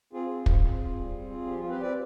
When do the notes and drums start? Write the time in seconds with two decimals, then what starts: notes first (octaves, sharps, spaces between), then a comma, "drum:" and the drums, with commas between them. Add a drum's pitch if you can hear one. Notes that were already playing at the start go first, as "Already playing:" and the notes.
0.13 C4 F4 G#4
0.30 C4
0.46 C4, drum: kick
0.64 C4
0.80 F4
0.96 G3
1.14 C4
1.30 F4
1.47 F3 G4
1.58 F4
1.64 C4
1.70 G4 B4
1.81 C4 B4 D5